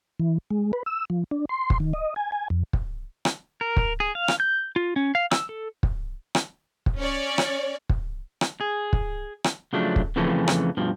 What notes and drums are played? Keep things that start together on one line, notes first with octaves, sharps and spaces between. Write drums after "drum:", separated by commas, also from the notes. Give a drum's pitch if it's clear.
E3
G#3
B4
E6
F3
D4
C6
drum: kick
D#3
D#5
G#5
G#5
F2
drum: kick
drum: rim click
A#4
drum: kick
G#4
F5
drum: rim click
G6
F4
C#4
F5
E6, drum: rim click
A4
drum: kick
drum: rim click
drum: kick
C#4 C#5 D5
drum: rim click
drum: kick
drum: rim click
G#4
drum: kick
drum: rim click
C#3 F3 F#3 A3 D4
drum: kick
F2 C#3 E3 F3 A3 C#4
drum: rim click
G2 B2 F3